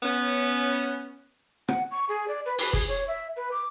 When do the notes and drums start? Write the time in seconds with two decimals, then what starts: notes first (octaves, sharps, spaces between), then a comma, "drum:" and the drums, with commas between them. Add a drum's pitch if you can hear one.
0.03 B3 C#4
1.68 F#5, drum: rim click
1.91 C#6
2.09 G#4
2.28 D5
2.46 B4
2.59 B4, drum: open hi-hat
2.73 G#4, drum: kick
2.88 C#5
3.08 E5
3.36 B4
3.52 D6